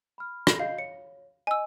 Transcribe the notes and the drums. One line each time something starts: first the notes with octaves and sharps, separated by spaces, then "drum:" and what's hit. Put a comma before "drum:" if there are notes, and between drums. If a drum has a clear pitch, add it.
B5 F6
drum: rim click
D#5 F5 G6 C7
C#5 C#7
D#5 G#5 E6